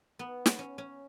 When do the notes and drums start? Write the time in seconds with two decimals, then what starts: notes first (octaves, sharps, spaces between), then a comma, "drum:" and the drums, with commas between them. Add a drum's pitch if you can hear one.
0.19 B3
0.46 drum: snare
0.59 C#4
0.78 C#4